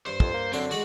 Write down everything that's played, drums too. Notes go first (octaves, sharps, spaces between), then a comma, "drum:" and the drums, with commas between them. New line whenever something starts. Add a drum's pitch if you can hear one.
G2 C5
F2, drum: kick
A#3
F#2 D3 C4 C5
G#3 A3 F#4 D5